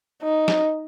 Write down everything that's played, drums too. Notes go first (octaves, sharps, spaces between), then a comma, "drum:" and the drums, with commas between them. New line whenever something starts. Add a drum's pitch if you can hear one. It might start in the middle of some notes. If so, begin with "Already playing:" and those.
D#4
drum: snare